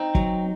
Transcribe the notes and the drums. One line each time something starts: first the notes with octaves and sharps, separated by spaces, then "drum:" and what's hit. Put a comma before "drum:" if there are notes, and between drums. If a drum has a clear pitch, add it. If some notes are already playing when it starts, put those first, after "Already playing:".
Already playing: C4 D#4
F#3, drum: kick